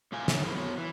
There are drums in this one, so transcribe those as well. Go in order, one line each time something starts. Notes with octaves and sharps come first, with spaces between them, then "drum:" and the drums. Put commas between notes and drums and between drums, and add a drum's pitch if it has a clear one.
A2 C3 A3 F4 F5 G#5
C#3 B3 F4 A4 C#5 E5, drum: snare
F#3 E4 G#4 A#4 C5
F#2 B3 F#4 C#5
E3